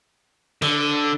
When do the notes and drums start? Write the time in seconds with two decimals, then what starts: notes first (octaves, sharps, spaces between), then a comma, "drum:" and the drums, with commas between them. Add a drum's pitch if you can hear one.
0.62 D3, drum: cymbal